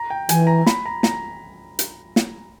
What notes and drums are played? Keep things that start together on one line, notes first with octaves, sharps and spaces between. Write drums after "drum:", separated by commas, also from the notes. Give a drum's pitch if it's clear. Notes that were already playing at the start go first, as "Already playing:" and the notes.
Already playing: A#5
G5
E3 G#5, drum: hi-hat
A#5
B5, drum: snare
A#5
A#5, drum: snare
drum: hi-hat
drum: snare